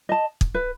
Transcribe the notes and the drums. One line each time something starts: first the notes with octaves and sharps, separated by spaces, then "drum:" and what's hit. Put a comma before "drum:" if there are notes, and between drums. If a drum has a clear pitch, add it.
D#5 A5
drum: kick
B4